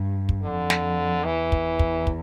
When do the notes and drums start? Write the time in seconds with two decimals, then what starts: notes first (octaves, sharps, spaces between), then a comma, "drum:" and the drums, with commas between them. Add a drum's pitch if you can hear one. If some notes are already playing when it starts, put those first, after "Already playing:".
Already playing: G2
0.29 drum: kick
0.43 F2 D3
0.70 drum: snare
1.24 E2 E3
1.52 drum: kick
1.79 drum: kick
2.07 drum: kick